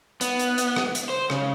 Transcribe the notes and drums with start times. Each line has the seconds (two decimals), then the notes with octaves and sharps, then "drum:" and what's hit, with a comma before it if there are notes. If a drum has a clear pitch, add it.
0.21 B3, drum: hi-hat
0.39 drum: hi-hat
0.58 drum: hi-hat
0.76 drum: rim click
0.95 drum: hi-hat
1.10 C5
1.30 C#3, drum: rim click